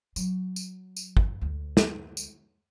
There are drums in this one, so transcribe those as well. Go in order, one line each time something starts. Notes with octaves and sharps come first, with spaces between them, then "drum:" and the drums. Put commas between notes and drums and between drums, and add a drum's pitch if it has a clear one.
F#3, drum: tambourine
drum: tambourine
drum: tambourine
drum: kick
D2
drum: snare
drum: tambourine